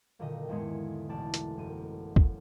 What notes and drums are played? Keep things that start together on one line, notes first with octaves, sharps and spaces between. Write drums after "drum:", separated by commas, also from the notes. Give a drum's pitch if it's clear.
F#1 A#2 D3 D#3 D#5
E2 G#2 D3 G#3 C#7
A1 B2 D5 A5
drum: hi-hat
E1 F#2 D#7
drum: kick F#1